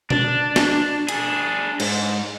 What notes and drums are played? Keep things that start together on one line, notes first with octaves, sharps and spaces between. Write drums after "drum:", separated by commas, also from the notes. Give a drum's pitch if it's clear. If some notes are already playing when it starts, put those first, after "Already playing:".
D4, drum: tom B2
drum: snare
D4 G#4, drum: hi-hat
G#2, drum: cymbal